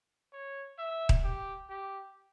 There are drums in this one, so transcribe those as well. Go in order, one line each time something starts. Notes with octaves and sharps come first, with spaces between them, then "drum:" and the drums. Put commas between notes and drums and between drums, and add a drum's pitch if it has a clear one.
C#5
E5
drum: kick D#1
G4
G4